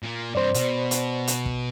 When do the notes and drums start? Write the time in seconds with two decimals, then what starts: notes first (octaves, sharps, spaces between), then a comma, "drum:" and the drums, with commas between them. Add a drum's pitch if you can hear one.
0.03 A#2 A#3
0.35 G2 C4 C5 D5
0.54 B2, drum: hi-hat
0.91 drum: hi-hat
1.27 drum: hi-hat
1.46 drum: kick